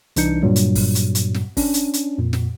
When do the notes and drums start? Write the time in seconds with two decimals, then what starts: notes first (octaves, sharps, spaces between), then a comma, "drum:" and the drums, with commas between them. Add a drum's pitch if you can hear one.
0.16 C2 E3 D4 D#4 G6 C#7, drum: hi-hat
0.42 G2 A#2 F#3 G3
0.56 drum: hi-hat
0.75 drum: kick, open hi-hat
0.95 drum: hi-hat
1.15 drum: hi-hat
1.34 drum: snare
1.57 C#4 D4, drum: kick, open hi-hat
1.74 drum: hi-hat
1.93 drum: hi-hat
2.18 F2 A#2
2.33 drum: snare